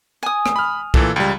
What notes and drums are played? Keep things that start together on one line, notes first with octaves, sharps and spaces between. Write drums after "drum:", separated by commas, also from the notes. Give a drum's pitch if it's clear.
G#5 D#6
drum: rim click
B5 F6
A#2 E3 A4, drum: kick
C#2 G3